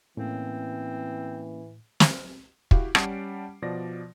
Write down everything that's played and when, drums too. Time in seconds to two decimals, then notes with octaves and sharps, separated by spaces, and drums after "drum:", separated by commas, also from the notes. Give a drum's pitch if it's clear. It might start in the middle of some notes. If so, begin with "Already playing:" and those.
0.17 A2 E3 A#3 C4 C#4
2.00 drum: snare
2.71 E4 F#4 G4 F5, drum: kick
2.95 G3 C#4 F#5 A5 C7 D7, drum: rim click
3.62 B2 F3 D5 A#6